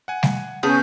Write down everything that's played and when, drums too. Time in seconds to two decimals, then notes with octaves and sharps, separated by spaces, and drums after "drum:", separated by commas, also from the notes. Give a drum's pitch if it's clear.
0.08 F#5 G#5
0.23 drum: snare G3
0.63 C#3 B3 C#4 G#4 A5 G6